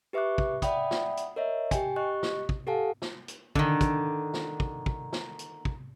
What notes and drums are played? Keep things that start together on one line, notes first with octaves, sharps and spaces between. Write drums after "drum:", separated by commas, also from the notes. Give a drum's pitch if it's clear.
G4 B4 E5 C#6 D6 F#6
drum: kick
D5 E5 F#5 G5 B5 D#6, drum: kick, hi-hat
drum: snare
drum: hi-hat
A#4 C#5 D#5 E5
G4 G5 G#5, drum: kick, hi-hat
G4 D#5 C#6 F#6
drum: snare
drum: kick
G4 A4 F5 F#5 G#5 A5
drum: snare
drum: hi-hat
D3 D#3, drum: kick
drum: kick, hi-hat
drum: snare
drum: kick
drum: kick
drum: snare
drum: hi-hat
drum: kick